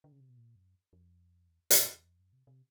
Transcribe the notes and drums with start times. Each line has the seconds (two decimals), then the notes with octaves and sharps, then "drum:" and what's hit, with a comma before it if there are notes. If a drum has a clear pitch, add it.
0.04 D3
0.12 C#3
0.20 C3
0.29 B2
0.37 A#2
0.56 F#2
0.93 F2
1.49 E2
1.71 E2, drum: hi-hat
2.05 F2
2.19 F#2
2.33 C3
2.47 C3